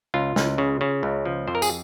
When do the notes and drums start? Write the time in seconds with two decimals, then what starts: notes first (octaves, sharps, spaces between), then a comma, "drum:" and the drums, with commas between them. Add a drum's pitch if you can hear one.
0.14 C#2 F4
0.36 C#2, drum: snare
0.58 C#3
0.81 C#3
1.03 C#2
1.25 F3
1.47 F2 C5
1.55 A#4
1.62 G#4, drum: tambourine